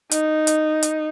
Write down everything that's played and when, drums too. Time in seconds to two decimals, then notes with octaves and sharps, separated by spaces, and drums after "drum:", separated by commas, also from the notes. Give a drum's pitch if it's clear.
0.11 D#4, drum: hi-hat
0.47 drum: hi-hat
0.83 drum: hi-hat